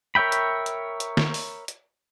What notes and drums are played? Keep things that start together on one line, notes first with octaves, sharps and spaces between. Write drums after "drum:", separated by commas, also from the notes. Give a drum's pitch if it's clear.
A#4 C#5 E5 G5 B5
drum: hi-hat
drum: hi-hat
drum: hi-hat
drum: snare
drum: open hi-hat
drum: hi-hat